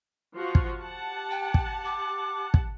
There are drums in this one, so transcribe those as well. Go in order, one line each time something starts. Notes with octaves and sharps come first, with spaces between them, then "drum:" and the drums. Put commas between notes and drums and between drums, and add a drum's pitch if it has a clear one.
F3 F4 F#4
drum: kick
G4 F#5 A5
G5
drum: kick
D6
drum: kick